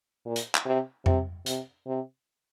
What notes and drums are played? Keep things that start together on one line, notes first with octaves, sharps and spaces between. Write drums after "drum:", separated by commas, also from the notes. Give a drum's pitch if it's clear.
A#2
drum: hi-hat
drum: clap
C3
C3, drum: tom F2
C3, drum: hi-hat
C3